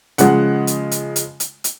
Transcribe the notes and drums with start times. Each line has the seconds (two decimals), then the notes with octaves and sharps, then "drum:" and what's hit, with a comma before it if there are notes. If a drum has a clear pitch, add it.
0.18 C#3 F3 G#3 F#5, drum: hi-hat
0.67 drum: hi-hat
0.91 drum: hi-hat
1.16 drum: hi-hat
1.40 drum: hi-hat
1.64 drum: hi-hat